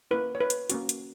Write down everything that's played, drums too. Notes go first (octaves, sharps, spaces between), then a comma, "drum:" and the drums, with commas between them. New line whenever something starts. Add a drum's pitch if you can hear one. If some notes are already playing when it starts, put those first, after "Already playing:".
A#3 C#4 E4 B4
C#5
B4
drum: hi-hat
A#3 C#4 F#4, drum: hi-hat
drum: hi-hat